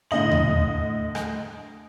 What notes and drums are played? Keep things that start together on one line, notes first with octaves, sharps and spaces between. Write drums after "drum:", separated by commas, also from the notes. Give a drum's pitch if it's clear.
A2 D3 D#5 F#7
drum: tom D#2
drum: rim click